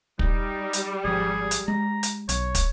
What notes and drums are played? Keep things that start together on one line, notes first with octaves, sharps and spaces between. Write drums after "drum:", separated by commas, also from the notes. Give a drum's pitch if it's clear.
G3 D#4, drum: kick
drum: hi-hat
G#1 F3 G#4
drum: hi-hat
G#3 A#5
drum: hi-hat
B1 C#5, drum: hi-hat
drum: kick, hi-hat